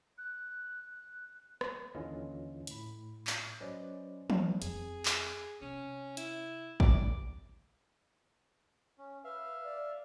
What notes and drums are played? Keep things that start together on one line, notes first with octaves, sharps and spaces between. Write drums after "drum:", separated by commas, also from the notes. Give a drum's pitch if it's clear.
F#6
drum: rim click
D#2 D3 E3 C#4 F4 D#5
A2 B5, drum: hi-hat
drum: clap
F#3 C#4 B4 C5 D5 D#5
drum: tom E3
F2 C4 G#4, drum: hi-hat
drum: clap
C3 C#4
E4, drum: hi-hat
B1 G#2 D5, drum: kick
C#4
B4 E5 F5
D5